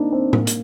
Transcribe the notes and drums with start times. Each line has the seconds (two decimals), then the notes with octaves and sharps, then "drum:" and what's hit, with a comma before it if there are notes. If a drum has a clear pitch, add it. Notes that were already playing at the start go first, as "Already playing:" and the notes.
Already playing: A#3 C4 D4 D#4
0.12 C4
0.33 A#3, drum: tom A2
0.47 drum: hi-hat